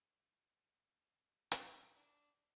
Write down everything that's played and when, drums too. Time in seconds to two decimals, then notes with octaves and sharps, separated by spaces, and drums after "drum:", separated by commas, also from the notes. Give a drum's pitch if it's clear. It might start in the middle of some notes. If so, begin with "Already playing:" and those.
1.52 drum: hi-hat
1.96 D4